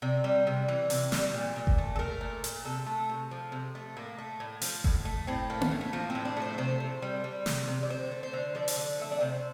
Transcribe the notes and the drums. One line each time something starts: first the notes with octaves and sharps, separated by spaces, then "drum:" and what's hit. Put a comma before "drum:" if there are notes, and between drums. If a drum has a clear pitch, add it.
C3 D5
G3
C3
E3
C3, drum: open hi-hat
G3, drum: snare
A#2
A#2
drum: kick G1
A3
A4
A3 A#4
A#2
A#2, drum: hi-hat
C3 A4
A3
C3
F3
C3
A3
A2 A#3
A3
A2
F3, drum: open hi-hat
A2, drum: kick G1
A3
A2 C4
A3 A#3
drum: tom A#3
A2
A3
F3 A#3
C4
A2
D4
A3
C5
C3 C5
C3
G3
G3
C3, drum: snare
C3
D5
D3 C5
A3
C5
D3
F3 D5
drum: open hi-hat
D3
A3 E5
D5
C3 C5